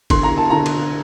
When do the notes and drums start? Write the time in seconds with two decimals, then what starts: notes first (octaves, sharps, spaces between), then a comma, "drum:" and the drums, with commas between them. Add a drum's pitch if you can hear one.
0.10 D3 C6, drum: kick G1, cymbal
0.23 A#5
0.38 A5
0.50 D3 A#5
0.66 drum: cymbal